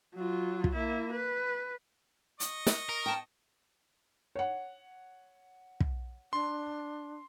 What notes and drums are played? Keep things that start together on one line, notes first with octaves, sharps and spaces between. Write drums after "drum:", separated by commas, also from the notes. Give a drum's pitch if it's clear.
F#3 F4
drum: kick
A#3 E4
B4
D#5 C#6, drum: hi-hat
drum: snare
A#4
G5 A5
C#5 F#5
drum: kick
D4 C6